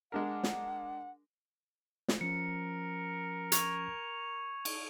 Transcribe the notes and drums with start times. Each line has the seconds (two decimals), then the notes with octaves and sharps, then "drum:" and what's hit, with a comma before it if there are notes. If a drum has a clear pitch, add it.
0.12 G#3 D4 A#4 F#5
0.43 drum: snare
2.08 drum: snare
2.21 F3 C#4 A#4 C#7
3.52 C#6 G#6 F7, drum: hi-hat
4.65 drum: cymbal